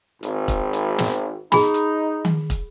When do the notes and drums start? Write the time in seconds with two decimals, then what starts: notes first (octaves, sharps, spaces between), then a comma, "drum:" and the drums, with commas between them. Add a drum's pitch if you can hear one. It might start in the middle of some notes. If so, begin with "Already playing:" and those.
0.23 G#1, drum: hi-hat
0.48 drum: kick, hi-hat
0.73 drum: hi-hat
0.98 drum: snare
1.52 D#4 G#4 B5, drum: snare
1.74 drum: hi-hat
2.25 drum: tom D#3
2.50 drum: kick, hi-hat